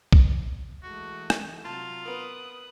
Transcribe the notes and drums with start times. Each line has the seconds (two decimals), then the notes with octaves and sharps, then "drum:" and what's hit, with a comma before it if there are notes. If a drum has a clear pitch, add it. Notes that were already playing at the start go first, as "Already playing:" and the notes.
0.13 drum: kick
0.83 E3 G#3 A3 F#4
1.30 drum: rim click
1.65 C3 F#3 F4 A5
2.05 B3 A#4 B4 D#6 F#6